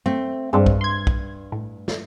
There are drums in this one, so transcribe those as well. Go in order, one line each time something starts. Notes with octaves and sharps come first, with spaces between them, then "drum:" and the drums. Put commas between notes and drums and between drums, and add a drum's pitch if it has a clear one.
A3 C4
G2 G#3 C4 D4
drum: kick
C6 G#6
drum: kick
A2
drum: snare